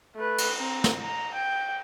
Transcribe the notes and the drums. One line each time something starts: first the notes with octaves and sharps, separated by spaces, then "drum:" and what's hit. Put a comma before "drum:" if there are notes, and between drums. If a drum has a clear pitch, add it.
A3 B4
drum: cymbal
C4 A#5
drum: snare
A#5
G5